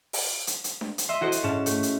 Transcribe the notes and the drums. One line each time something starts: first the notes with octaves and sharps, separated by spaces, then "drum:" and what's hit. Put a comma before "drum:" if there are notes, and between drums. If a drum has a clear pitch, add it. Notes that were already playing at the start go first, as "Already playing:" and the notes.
drum: open hi-hat
drum: hi-hat
drum: hi-hat
drum: snare D4
drum: hi-hat
D#5 E5 C6
E4 F#4 A4 C5 D#5
drum: hi-hat
G#2 C#4 A5 E7
A3, drum: hi-hat
drum: hi-hat